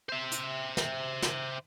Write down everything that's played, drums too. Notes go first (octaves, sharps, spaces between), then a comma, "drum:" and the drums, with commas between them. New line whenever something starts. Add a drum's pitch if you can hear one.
C5 E5
drum: hi-hat
drum: snare
drum: snare